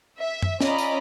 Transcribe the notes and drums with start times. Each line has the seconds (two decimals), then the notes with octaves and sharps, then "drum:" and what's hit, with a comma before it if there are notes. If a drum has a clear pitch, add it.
0.18 E5
0.42 drum: tom F#2
0.60 C#4 F4 D5 D#5 A#5 B5, drum: snare
0.79 drum: tambourine